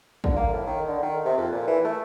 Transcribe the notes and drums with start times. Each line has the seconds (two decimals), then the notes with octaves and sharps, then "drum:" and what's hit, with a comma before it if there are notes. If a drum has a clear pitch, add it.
0.24 D3, drum: kick
0.36 A#3
0.53 A2
0.67 D#3
0.87 D3
1.03 D#3
1.25 C3
1.37 F2
1.52 A#2
1.67 E3
1.85 A3